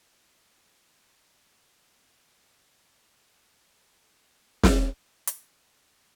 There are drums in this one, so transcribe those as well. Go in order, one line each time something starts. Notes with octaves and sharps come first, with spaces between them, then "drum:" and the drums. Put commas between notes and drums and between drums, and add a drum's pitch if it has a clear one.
A#2 F3 A3 C4
A#4
F#4
A2 F3 C4 F4
F4
F#4
A4
F#3 A3 C4 F4
drum: snare
drum: hi-hat
A#2 A3 C#4 F#4 A#4